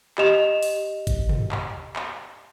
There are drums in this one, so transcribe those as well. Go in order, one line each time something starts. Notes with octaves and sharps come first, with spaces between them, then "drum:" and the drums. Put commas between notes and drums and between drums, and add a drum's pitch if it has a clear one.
G4 D#5 E7 F7, drum: clap
drum: open hi-hat
drum: kick G1, hi-hat
drum: tom
drum: clap
drum: clap